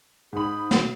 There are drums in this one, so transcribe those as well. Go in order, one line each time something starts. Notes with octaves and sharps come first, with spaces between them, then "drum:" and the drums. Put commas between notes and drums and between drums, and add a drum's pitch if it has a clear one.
G#2 G#4 B5
F#4, drum: snare